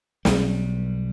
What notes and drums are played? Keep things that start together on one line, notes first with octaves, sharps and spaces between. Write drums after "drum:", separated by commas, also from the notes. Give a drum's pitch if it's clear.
B1 G3, drum: snare